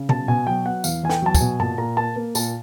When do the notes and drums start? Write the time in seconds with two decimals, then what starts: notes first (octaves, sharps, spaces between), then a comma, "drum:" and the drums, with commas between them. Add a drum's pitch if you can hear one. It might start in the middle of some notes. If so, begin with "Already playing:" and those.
Already playing: C#3
0.09 B2 A5, drum: tom B2
0.28 B2 G#5
0.47 F#3 G5
0.65 B3 F#5
0.84 E2 F5, drum: tambourine
1.03 E2 G#5
1.10 G5, drum: snare
1.22 F#3 A5
1.35 G#5, drum: kick, tambourine
1.40 B2
1.60 A#2 A5, drum: tom G2
1.78 A#2 A#5
1.97 A#3 A5
2.16 A#3
2.35 A#2 A5, drum: tambourine